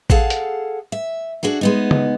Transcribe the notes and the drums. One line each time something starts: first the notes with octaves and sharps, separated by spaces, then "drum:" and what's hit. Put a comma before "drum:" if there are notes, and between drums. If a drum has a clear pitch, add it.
G#4 A4 F5 F#5 A5, drum: kick A1
drum: hi-hat
E5
D4 F#4 G#4 A4
G#3 B3 D#4
drum: tom C#3